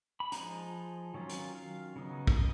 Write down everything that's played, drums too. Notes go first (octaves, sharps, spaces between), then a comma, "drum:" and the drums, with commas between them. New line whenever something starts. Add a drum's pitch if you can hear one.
B5
F3 G#3 D#4 A#5, drum: hi-hat
D#3 F#3 C#4 F4
drum: hi-hat
F5
C#3 F#3 B3 D#4
drum: kick
D#5